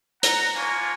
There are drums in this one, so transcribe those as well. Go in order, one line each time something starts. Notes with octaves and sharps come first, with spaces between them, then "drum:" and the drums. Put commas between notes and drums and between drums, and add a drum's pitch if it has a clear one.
F#5 A#5, drum: hi-hat
A#3 D4 F4 G#5 C#6